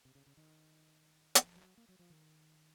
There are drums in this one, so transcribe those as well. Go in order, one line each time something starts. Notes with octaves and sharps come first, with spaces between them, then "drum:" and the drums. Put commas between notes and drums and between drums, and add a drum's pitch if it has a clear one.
C3
C#3
C#3
D#3
F3, drum: hi-hat
F#3
A#3
F#3
F3
D#3